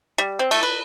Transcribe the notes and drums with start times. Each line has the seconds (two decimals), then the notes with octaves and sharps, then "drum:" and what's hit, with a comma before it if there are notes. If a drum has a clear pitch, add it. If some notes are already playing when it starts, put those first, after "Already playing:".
0.18 G3
0.39 C4
0.51 A3, drum: cymbal
0.63 B4